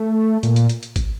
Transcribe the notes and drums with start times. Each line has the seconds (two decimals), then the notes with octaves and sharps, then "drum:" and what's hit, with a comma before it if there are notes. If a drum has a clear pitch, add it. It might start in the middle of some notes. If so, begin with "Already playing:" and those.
Already playing: A3
0.43 A#2, drum: hi-hat
0.56 drum: hi-hat
0.69 drum: hi-hat
0.83 drum: hi-hat
0.96 drum: kick G#1, hi-hat